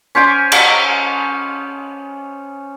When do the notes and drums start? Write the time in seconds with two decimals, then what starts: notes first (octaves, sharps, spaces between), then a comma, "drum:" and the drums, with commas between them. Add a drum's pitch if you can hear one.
0.15 C#4 C5 G#5 D6
0.52 drum: cymbal